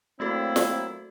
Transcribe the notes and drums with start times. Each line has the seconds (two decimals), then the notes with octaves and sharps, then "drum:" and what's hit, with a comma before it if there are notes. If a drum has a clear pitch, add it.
0.20 F#3 A3 A#3 C4 E4 F#4 A4
0.56 drum: snare